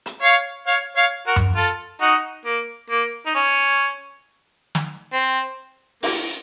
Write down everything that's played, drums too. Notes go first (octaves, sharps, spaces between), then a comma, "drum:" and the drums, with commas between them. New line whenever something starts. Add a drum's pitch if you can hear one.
drum: hi-hat
C#5 F5
C#5 F5
C#5 F5
F#4 A#4
drum: tom F#2
F4 A4
D#4 F#4
A#3
A#3
D#4
C#4
drum: snare
C4
A#3, drum: open hi-hat